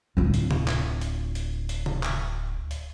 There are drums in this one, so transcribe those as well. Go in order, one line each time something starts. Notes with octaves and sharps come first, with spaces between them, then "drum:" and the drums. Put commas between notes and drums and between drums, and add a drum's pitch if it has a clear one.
D1 F4
drum: hi-hat
drum: tom C3
drum: clap
drum: hi-hat
drum: hi-hat
drum: hi-hat
drum: tom C3
drum: clap
drum: hi-hat